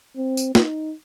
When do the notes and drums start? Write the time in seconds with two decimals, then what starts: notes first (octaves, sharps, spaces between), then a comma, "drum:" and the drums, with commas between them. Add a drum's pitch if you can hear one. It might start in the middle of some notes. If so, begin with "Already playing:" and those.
0.17 C4
0.37 drum: tambourine
0.55 D#4, drum: snare